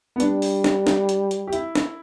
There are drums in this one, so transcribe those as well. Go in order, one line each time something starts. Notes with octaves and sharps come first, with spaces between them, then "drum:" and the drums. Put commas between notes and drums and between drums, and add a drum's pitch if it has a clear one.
B3
G3 D4, drum: hi-hat
drum: open hi-hat
drum: snare
drum: snare
drum: hi-hat
drum: hi-hat
G4
E4, drum: hi-hat
drum: snare